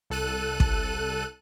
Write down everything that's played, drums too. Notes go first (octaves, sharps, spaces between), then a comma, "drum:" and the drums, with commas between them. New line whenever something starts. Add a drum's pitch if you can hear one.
C2 A4 F#6 D#7
drum: kick